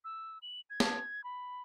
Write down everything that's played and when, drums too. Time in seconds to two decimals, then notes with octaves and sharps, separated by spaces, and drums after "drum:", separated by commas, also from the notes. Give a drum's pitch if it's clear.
0.04 E6
0.42 F#7
0.70 G#6
0.80 drum: snare
1.24 B5